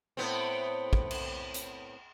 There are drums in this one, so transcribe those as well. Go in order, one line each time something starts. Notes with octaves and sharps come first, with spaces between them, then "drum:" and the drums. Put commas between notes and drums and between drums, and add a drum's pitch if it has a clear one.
A2 B3 C4
drum: kick
drum: cymbal
drum: hi-hat